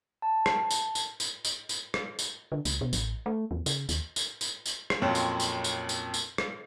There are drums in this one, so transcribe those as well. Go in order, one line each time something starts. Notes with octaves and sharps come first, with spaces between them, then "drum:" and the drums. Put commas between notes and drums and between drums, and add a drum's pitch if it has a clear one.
A5
drum: rim click
drum: tambourine
drum: tambourine
drum: tambourine
drum: tambourine
drum: tambourine
drum: rim click
drum: tambourine
D3
C#2, drum: tambourine
B2
A1, drum: tambourine
A3
E2
C#3, drum: tambourine
D#2, drum: tambourine
drum: tambourine
drum: tambourine
drum: tambourine
drum: rim click
F2 A#2 F#3 C4 C#4
drum: tambourine
drum: tambourine
drum: tambourine
drum: tambourine
drum: tambourine
drum: rim click